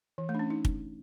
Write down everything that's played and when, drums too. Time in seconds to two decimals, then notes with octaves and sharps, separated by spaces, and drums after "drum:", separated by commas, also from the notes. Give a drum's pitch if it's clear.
0.18 E3
0.29 A3
0.35 D4
0.39 C#4
0.50 D#4
0.65 drum: kick